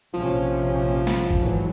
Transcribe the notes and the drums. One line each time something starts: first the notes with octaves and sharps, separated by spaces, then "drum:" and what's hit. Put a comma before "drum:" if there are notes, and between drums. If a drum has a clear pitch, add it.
A#1 C3 F3 C#4
drum: snare
drum: kick
G#1 E3 F#3